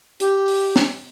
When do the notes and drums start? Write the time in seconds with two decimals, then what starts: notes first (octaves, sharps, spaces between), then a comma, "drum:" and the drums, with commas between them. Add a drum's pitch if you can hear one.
0.20 G4, drum: hi-hat
0.48 drum: open hi-hat
0.76 drum: snare